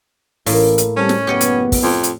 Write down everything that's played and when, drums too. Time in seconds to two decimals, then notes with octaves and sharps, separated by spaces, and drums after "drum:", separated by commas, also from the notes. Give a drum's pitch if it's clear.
0.46 A1 A2 A#3, drum: open hi-hat
0.78 drum: hi-hat
0.97 G3 C4 C#4 A4
1.09 drum: snare
1.27 F#1 B3 G4 C#5 D#5
1.41 drum: hi-hat
1.72 drum: kick, open hi-hat
1.83 F2
2.03 drum: hi-hat